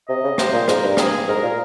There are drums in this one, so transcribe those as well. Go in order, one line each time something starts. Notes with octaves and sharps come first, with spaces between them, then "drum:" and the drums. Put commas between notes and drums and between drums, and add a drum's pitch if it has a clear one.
C3 D#5
C#3
C3 C5, drum: rim click
A#2
G#2 A#4, drum: rim click
G2
G#4, drum: rim click
G#2 A#4
A#2